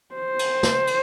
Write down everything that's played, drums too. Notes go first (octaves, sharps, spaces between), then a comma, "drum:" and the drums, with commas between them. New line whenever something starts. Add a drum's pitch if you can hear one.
C5
drum: cymbal
drum: snare
drum: cymbal